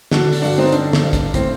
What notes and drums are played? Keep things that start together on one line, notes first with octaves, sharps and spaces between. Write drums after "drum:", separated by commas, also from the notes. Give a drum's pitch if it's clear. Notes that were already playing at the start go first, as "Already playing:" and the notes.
D3 D4 F#4, drum: snare
drum: open hi-hat
G2 D4 F#4
C4 D#4
D3 D4, drum: hi-hat
drum: snare
G2
D4, drum: kick, hi-hat
A2 C4, drum: kick, hi-hat